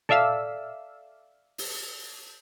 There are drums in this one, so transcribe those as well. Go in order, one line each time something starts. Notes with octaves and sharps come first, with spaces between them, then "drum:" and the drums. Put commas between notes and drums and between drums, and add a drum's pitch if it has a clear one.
A4 D5 E5 F5 E6, drum: tom A#2
drum: open hi-hat